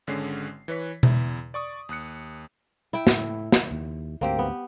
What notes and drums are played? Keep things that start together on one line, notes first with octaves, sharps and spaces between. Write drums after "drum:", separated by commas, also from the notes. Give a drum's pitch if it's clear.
G#1 D3 G#3 C#4 C7
E3 B4 C#5 B6
E2 E4, drum: tom B2
D5 C#6 D#6
D#2 D#6 F#6 C#7
E4 G5
A2, drum: snare
drum: snare
D#2
D2 G#2 A#3 C4 G4
B3